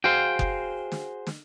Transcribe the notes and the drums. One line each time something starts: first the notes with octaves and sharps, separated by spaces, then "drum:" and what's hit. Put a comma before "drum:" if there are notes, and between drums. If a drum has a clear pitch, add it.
F#4 G#4 C5 F5 G5
drum: kick F#1
drum: snare
drum: snare